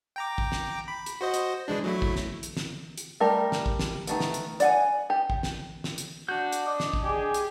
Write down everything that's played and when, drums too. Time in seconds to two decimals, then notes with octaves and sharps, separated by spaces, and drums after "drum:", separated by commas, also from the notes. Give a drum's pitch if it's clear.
0.16 G5 A#5 D6
0.38 drum: kick
0.52 drum: snare
0.88 B5
1.06 drum: hi-hat
1.21 F#4 C5 D#5
1.34 drum: hi-hat
1.68 E3 G#3 D4
1.84 F#3 A3 E4
2.02 drum: kick
2.16 drum: snare
2.43 drum: hi-hat
2.57 drum: snare
2.98 drum: hi-hat
3.20 G3 A3 G4 A#4
3.52 drum: snare
3.66 drum: kick
3.79 drum: snare
4.07 D#3 A3 B3, drum: hi-hat
4.20 drum: snare
4.34 drum: hi-hat
4.60 D5 F#5 G#5, drum: hi-hat
5.10 G4
5.30 drum: kick
5.43 drum: snare
5.84 drum: snare
5.98 drum: hi-hat
6.29 D4 F#4 G6
6.52 drum: hi-hat
6.66 D5 D#5
6.80 drum: snare
6.93 drum: kick
7.03 G4 G#4 G#5
7.34 drum: hi-hat